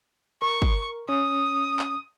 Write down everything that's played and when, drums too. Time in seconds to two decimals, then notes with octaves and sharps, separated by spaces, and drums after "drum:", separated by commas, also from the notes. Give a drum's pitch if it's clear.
0.42 A#4 C#6
0.62 drum: kick
1.09 C#4 D#6
1.79 drum: clap